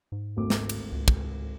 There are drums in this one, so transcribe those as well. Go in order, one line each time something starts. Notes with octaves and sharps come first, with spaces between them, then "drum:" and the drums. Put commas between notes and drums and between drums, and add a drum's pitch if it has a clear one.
G#2
G#1 D2 D6
drum: snare
drum: cymbal
C#2
drum: kick